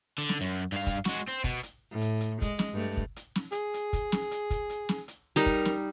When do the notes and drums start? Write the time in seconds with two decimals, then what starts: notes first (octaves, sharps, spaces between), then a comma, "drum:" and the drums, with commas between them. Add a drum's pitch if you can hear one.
0.18 D3
0.29 drum: snare
0.41 F#2
0.72 G2 F5
0.86 drum: kick, hi-hat
1.05 G#3 F#4, drum: snare
1.27 C4, drum: hi-hat
1.44 B2, drum: kick
1.63 drum: hi-hat
1.91 A2
2.01 drum: hi-hat
2.21 drum: hi-hat
2.42 G#3, drum: kick, hi-hat
2.59 drum: snare
2.73 G2 A3
2.97 drum: kick
3.16 drum: hi-hat
3.36 drum: snare
3.52 G#4, drum: hi-hat
3.74 drum: hi-hat
3.93 drum: kick, hi-hat
4.12 drum: snare
4.31 drum: hi-hat
4.50 drum: kick, hi-hat
4.70 drum: hi-hat
4.89 drum: snare
5.08 drum: hi-hat
5.36 G3 D#4 A#4
5.46 drum: kick, hi-hat
5.65 drum: snare